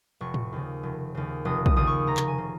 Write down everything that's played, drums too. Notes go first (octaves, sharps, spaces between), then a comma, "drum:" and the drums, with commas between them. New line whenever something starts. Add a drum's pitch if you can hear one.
F1 C#6
drum: tom A2
D#2 C#3
F1
D#2 C#3
F1 D#6
D#6, drum: kick
D#2 C#3 D#6
C#6
F1 A#5
drum: clap
G#5
C#3